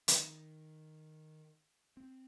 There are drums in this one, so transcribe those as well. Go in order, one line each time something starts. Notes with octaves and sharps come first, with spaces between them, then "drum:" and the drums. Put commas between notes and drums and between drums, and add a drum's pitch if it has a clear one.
D#3, drum: hi-hat
C4